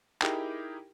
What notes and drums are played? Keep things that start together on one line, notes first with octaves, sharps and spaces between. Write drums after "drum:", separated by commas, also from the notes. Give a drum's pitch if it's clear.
D#4 E4 G4 G#4 A#4 G5, drum: clap